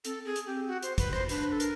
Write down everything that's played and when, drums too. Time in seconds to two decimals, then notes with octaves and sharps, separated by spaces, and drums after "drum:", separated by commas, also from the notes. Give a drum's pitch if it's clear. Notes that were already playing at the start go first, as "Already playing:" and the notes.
0.05 C4 A4, drum: hi-hat
0.25 C4 G#4
0.36 drum: hi-hat
0.46 C4 G4
0.67 F#4
0.83 C5, drum: hi-hat
0.98 B4, drum: kick, hi-hat
1.13 C5, drum: rim click
1.29 D4 B4, drum: hi-hat
1.52 A4
1.60 A#4, drum: hi-hat